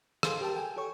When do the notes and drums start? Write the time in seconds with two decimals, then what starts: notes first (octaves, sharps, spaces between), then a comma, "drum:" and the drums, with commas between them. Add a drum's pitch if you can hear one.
0.23 G#4 A4 C5 F5 C6, drum: rim click
0.41 G4 A#4 G5 A5
0.54 A4 G5 G#5
0.77 G4 A4 C#5 C#6